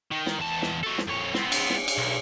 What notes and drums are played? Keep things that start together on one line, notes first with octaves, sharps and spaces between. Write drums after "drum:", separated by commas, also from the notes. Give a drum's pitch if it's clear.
D#3
drum: snare
E2 A5
drum: snare
F#3 A4
drum: snare
F2 C#5
B3 C4, drum: snare
drum: cymbal
drum: snare
drum: cymbal
B1